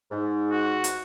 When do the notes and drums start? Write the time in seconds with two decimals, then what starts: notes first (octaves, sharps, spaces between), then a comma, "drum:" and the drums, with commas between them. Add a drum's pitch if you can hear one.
0.11 G#2
0.51 F#4
0.84 drum: hi-hat